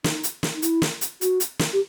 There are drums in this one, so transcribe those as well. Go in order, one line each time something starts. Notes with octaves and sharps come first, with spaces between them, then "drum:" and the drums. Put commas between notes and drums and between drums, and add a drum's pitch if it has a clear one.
D#4, drum: snare
drum: hi-hat
drum: snare
D#4
E4, drum: hi-hat
drum: snare
drum: hi-hat
F#4, drum: hi-hat
drum: hi-hat
drum: snare
G4